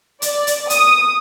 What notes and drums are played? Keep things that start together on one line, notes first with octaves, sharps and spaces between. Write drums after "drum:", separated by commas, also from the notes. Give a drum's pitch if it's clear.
D5, drum: hi-hat
drum: hi-hat
D#6, drum: hi-hat